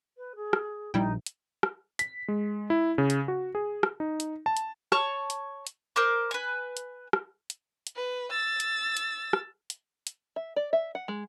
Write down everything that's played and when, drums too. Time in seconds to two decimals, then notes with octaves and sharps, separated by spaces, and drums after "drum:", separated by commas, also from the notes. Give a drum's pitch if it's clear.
0.17 B4
0.35 G#4
0.53 drum: rim click
0.94 A#1 G3 D#4 E4 G5
1.26 drum: hi-hat
1.63 drum: rim click
1.99 B6, drum: hi-hat
2.28 G#3
2.70 E4
2.98 C#3
3.10 drum: hi-hat
3.28 F#4
3.55 G#4
3.83 drum: rim click
4.00 D#4
4.20 drum: hi-hat
4.46 A5
4.57 drum: hi-hat
4.92 C#5 A5 C#6, drum: rim click
5.30 drum: hi-hat
5.67 drum: hi-hat
5.96 A#4 C5 C6 D6
6.31 B4 G#5
6.77 drum: hi-hat
7.13 drum: rim click
7.50 drum: hi-hat
7.87 drum: hi-hat
7.96 B4
8.31 E6 A6
8.60 drum: hi-hat
8.97 drum: hi-hat
9.33 drum: rim click
9.70 drum: hi-hat
10.07 drum: hi-hat
10.36 E5
10.56 D5
10.73 E5
10.95 F#5
11.08 G#3